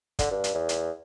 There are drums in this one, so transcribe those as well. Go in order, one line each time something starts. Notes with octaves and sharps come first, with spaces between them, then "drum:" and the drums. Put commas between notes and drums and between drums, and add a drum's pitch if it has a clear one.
D3, drum: kick, hi-hat
G2
drum: hi-hat
E2
drum: hi-hat